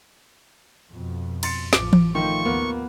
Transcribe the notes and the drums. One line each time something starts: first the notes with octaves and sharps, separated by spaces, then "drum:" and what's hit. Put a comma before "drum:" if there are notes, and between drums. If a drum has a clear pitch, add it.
F2 B2
C6 A6 C#7, drum: cymbal
A1 F3 D6 D7, drum: snare
drum: tom E3
D#3 F3 A3 C#6
D#2 A#3 B3